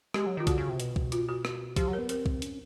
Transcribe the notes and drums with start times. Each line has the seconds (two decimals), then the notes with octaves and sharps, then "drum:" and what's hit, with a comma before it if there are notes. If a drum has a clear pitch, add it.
0.14 G#3 G4, drum: rim click
0.26 F#3
0.37 D#3 F4
0.47 D3 F#4, drum: kick, hi-hat
0.58 C#3
0.69 C3
0.80 B2, drum: hi-hat
0.96 drum: kick
1.12 F4, drum: hi-hat
1.29 F#4
1.45 drum: rim click
1.76 F3 G4, drum: kick, hi-hat
1.88 F#3
1.93 A#4
1.99 B3
2.09 C4 A#4, drum: hi-hat
2.26 drum: kick
2.42 C#4, drum: hi-hat